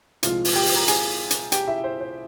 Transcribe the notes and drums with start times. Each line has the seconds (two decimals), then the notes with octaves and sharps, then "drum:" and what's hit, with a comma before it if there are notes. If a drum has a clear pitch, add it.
0.23 C2 A#2 F3 G#3 F4 F5, drum: hi-hat
0.45 drum: open hi-hat
0.55 G4 G5
0.66 drum: open hi-hat
0.76 A#5
0.88 G#4 G#5, drum: hi-hat
1.31 drum: hi-hat
1.52 G4 G5, drum: hi-hat
1.68 E4 E5
1.84 C5
2.01 C5